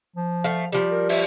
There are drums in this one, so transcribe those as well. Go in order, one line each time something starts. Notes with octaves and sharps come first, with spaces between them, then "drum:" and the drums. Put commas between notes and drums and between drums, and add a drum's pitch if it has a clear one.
F3
A3 F5
F3 G3
A#4
E5, drum: open hi-hat